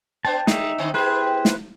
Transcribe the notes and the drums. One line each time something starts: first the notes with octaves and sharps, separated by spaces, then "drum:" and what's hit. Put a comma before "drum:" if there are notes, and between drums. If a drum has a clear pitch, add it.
B3 D4 C5 A5
G3 D#4 E5, drum: snare
D3 C4
B3 E4 G4 G#4 B4 C5
drum: snare